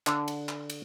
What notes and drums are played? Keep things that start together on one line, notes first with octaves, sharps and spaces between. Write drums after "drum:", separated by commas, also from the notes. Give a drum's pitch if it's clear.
D3 D4, drum: clap
drum: cymbal
drum: clap
drum: cymbal